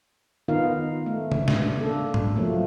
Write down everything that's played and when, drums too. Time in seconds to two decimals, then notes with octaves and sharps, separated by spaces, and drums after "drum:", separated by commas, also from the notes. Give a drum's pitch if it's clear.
0.48 D#3 B3 D#4 F4 A#4 F5
1.06 A3
1.32 drum: tom
1.48 D4, drum: snare
1.78 A#3 D4 A4
2.14 drum: tom
2.36 C3 F3 F#3 A3 A#3